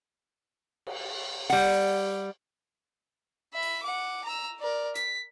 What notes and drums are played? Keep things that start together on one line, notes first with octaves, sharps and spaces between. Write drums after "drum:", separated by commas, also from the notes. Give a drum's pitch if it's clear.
drum: cymbal
G3 F#5, drum: open hi-hat
E5 B5
drum: cymbal
F#5 D6
A#5 E6
A#4 D5
B6, drum: hi-hat